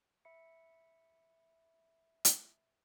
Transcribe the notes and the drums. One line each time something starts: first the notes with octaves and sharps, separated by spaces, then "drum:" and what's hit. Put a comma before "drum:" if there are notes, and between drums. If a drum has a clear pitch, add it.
E5 B5 C#7
drum: hi-hat